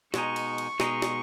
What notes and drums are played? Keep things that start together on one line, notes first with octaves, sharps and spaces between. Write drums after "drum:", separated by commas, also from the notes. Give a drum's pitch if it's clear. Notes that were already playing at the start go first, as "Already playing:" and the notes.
B2 G#3 D#4 C#6, drum: snare
drum: cymbal
drum: cymbal
B2 G#3 D#4, drum: snare
drum: snare